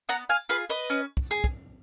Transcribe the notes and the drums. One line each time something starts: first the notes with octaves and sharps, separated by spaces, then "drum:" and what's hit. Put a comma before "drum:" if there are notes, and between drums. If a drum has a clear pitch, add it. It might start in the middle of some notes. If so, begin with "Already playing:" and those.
B3 F#5 A#5
F5 G#5
F4 G#4 B4
B4 D#5
C#4
drum: kick
G#4
drum: kick